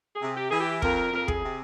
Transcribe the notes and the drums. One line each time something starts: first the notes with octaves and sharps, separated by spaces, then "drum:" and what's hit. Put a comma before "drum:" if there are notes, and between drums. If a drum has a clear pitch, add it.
G#4
C3
G4
E3 G#4
G4
F2 A#4, drum: kick
F2 A#4
G#4, drum: kick
C3